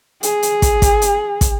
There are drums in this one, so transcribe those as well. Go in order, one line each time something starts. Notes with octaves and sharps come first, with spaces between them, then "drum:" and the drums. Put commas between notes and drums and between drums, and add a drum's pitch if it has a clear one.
G#4, drum: hi-hat
drum: hi-hat
drum: kick, hi-hat
drum: kick, hi-hat
drum: hi-hat
drum: kick, hi-hat